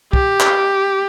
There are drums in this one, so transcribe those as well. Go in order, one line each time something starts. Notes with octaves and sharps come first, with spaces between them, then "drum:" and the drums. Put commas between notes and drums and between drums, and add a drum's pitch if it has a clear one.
G4, drum: kick
drum: clap